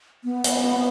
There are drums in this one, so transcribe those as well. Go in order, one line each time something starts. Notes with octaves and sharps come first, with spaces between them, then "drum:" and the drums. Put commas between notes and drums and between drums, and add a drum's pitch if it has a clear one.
B3
drum: hi-hat